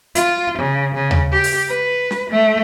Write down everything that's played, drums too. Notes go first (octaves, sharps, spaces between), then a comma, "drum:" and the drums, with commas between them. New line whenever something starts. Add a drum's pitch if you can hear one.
F4, drum: hi-hat
C#3
C#3
drum: tom D#2
G4
drum: open hi-hat
B4
drum: snare
A3